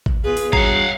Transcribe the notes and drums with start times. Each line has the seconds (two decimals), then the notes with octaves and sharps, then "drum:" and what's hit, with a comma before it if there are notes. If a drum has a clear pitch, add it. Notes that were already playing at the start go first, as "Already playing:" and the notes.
0.06 drum: kick
0.24 E2 F4 G#4 B4
0.37 drum: open hi-hat
0.53 G2 F#4 C#5 F5 F#5 A#5, drum: kick